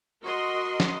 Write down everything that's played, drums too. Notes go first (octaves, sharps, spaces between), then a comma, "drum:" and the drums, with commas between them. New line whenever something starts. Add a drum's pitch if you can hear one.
F#4 A#4 D#5 C6
drum: snare